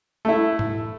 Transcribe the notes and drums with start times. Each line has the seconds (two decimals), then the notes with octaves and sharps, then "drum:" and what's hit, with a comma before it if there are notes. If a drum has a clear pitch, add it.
0.25 A3 E4
0.59 drum: tom G#2